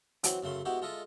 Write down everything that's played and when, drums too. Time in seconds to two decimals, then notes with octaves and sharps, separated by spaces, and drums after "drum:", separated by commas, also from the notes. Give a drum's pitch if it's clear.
0.24 E3 F#3 C4, drum: hi-hat
0.43 F#2 C#3 A3 C6
0.65 G#3 B3 E4 F#4 G4
0.82 G#3 F4 A4 D#5 E5